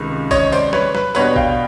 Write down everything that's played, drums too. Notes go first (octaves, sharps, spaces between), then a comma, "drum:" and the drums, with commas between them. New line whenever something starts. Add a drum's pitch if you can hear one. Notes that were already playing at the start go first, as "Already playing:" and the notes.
Already playing: C#2 C3 D#3
C#5 D#5, drum: kick G#1, tambourine
C5 D5, drum: tambourine
B4 C#5, drum: snare
B4, drum: snare
B2 G3 B3 D4 B4 C#5, drum: tambourine
F5 G5, drum: kick G#1